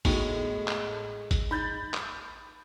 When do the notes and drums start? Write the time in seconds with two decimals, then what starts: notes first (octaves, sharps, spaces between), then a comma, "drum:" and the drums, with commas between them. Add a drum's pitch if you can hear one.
0.05 A2 G#3 B3 D#4 F#4, drum: kick A1, open hi-hat
0.68 drum: clap
1.31 drum: kick A1, hi-hat
1.51 D#4 B5 G6 A6
1.94 drum: clap